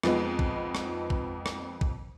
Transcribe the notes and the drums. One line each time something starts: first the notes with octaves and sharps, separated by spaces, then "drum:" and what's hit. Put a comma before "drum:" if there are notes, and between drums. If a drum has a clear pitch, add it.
F2 F3 G#3 B3 D#4, drum: rim click
drum: kick
drum: rim click
drum: kick
drum: rim click
drum: kick